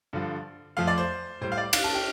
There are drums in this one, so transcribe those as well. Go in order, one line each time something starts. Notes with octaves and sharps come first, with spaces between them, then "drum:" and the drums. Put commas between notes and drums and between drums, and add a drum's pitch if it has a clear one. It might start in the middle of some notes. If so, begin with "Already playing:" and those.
G2 D3 F3
F2 F3 A3 F5
D5
C5
A2 G3 C5
F5
D5
F5, drum: cymbal
A5
G5